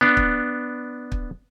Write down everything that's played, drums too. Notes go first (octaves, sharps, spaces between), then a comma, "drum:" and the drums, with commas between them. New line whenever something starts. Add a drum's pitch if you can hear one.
B3 D4
drum: kick
drum: kick